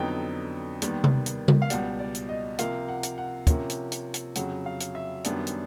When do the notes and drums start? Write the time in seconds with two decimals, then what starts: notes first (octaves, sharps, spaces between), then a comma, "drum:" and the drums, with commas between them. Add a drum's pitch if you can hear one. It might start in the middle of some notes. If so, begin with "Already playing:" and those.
Already playing: F2 D3 F#3 B3 D#4 G5
0.82 D#2 D#3 G3 B3, drum: hi-hat
1.04 drum: tom C3
1.26 drum: hi-hat
1.48 drum: tom C#3
1.62 F5
1.70 C#2 B2 G3 F#5, drum: hi-hat
2.00 D5
2.15 drum: hi-hat
2.29 D#5
2.59 C3 F3 A#3 F5, drum: hi-hat
2.88 F#5
3.03 drum: hi-hat
3.18 F#5
3.47 C3 F3 A#3 C#4, drum: kick, hi-hat
3.70 drum: hi-hat
3.92 drum: hi-hat
4.14 drum: hi-hat
4.35 F2 C#3 F#3 F#5, drum: hi-hat
4.66 F5
4.80 drum: hi-hat
4.95 E5
5.24 F#2 D#3 G3 B3 D4, drum: hi-hat
5.47 drum: hi-hat